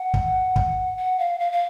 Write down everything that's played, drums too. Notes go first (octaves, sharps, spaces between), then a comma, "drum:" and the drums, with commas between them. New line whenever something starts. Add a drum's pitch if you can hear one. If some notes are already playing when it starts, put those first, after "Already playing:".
Already playing: F#5
drum: kick
drum: kick
F#5
F5
F5
F5